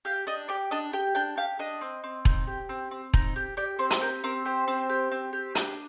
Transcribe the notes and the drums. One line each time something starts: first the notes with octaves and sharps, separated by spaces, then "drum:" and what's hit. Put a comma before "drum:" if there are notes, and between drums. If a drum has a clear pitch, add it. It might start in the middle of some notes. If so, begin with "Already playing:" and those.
G4 F5
D4 D#5
G4 D5
D4 D#5
G4 G5
D4 G5
G4 F5
D4 D#5
C4
C4
D#4, drum: kick E1
G4
C4
C4
D#4, drum: kick E1
G4
G4 D5
C4 C5
drum: hi-hat
G4 A#4
C4 A#4
G4 C5
C4
G4
C4
G4
D4, drum: hi-hat